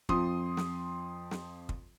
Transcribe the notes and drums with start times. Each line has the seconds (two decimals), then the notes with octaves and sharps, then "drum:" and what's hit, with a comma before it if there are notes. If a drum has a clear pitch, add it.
0.09 F2 F3 C6 D#6, drum: kick
0.57 drum: snare
1.31 drum: snare
1.69 drum: kick